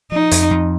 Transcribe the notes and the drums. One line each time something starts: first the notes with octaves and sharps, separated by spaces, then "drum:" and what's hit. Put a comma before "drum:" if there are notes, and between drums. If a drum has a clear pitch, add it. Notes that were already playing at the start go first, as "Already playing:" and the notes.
F3 D#4
F2, drum: hi-hat
F2